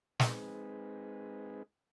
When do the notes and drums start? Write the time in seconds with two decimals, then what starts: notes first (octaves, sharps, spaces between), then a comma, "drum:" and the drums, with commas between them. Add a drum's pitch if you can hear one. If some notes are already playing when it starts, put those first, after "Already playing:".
0.20 G#3 C4 D#4 G#4 B4, drum: snare